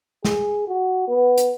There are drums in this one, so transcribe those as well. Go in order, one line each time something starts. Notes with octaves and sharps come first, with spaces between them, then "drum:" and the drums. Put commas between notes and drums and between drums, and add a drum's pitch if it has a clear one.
G#4, drum: snare
F#4
B3
drum: hi-hat